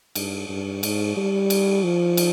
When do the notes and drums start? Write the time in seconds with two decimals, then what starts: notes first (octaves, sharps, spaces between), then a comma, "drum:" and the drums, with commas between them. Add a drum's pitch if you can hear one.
0.15 G2, drum: cymbal
0.49 G2
0.83 G#2, drum: cymbal
1.17 G3
1.50 drum: cymbal
1.84 F3
2.17 drum: cymbal